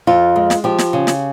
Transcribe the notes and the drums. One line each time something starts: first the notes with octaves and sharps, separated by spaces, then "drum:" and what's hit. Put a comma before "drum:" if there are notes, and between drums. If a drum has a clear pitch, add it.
F2 F4
G#3
drum: snare
F3 G4
drum: snare
C#3
drum: snare